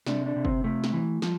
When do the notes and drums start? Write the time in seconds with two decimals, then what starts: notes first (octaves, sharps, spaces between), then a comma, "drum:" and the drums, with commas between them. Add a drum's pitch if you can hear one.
0.07 C3 D4, drum: snare
0.26 D4
0.36 C3
0.45 C4, drum: kick F#1
0.64 C3 A3
0.84 drum: snare
0.93 E3
1.22 F3, drum: snare